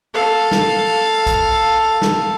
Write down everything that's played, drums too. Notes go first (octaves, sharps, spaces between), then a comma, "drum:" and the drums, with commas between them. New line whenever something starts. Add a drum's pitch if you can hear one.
A4 F5
drum: snare
drum: kick, hi-hat
drum: snare